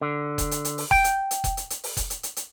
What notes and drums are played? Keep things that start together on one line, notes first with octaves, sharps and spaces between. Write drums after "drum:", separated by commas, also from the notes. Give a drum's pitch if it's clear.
D3
drum: kick F1, hi-hat
drum: hi-hat
drum: hi-hat
drum: open hi-hat
G5, drum: kick F1
drum: hi-hat
drum: hi-hat
drum: kick F1, hi-hat
drum: hi-hat
drum: hi-hat
drum: open hi-hat
drum: kick F1, hi-hat
drum: hi-hat
drum: hi-hat
drum: hi-hat